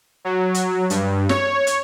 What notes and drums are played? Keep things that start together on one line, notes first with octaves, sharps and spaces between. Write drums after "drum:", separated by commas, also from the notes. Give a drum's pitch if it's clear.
F#3
drum: hi-hat
G2, drum: hi-hat
C#5, drum: snare
drum: hi-hat